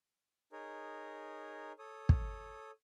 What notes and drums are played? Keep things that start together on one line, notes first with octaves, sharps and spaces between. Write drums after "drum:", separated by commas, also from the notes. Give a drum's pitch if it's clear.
D#4 G#4 A#4 C#5
A4 C#5 D#6
drum: kick